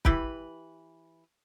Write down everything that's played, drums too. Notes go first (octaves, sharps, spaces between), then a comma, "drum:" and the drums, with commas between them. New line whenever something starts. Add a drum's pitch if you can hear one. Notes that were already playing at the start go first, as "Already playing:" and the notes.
E3 E4 G4 B4, drum: kick